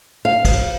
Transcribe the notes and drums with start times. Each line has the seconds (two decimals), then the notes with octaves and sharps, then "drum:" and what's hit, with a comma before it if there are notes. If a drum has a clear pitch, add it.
0.25 F5
0.45 drum: kick, cymbal